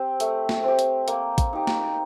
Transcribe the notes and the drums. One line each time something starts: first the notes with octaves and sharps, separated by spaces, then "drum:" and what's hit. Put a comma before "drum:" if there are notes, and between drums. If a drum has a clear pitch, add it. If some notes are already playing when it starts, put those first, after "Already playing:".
Already playing: C4 G4
A3, drum: hi-hat
drum: snare
C4 G4
drum: hi-hat
A#3, drum: hi-hat
drum: kick A1, hi-hat
D#4 G4
drum: snare